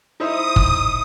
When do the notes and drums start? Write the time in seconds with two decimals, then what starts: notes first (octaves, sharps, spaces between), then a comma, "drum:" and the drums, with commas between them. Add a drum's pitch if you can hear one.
0.20 D#4 E4 C5 D#6
0.56 drum: kick